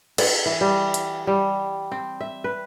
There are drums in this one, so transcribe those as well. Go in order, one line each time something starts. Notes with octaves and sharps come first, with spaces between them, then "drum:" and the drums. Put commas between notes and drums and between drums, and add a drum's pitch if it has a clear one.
A4, drum: cymbal
E3
G3
drum: hi-hat
G3
C4
E5
B4